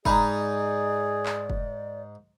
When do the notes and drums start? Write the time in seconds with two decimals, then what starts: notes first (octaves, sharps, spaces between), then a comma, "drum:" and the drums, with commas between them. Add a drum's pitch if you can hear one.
0.05 G#2 D#4 G#4 D5 A#5 B5, drum: kick
1.26 drum: clap
1.50 drum: kick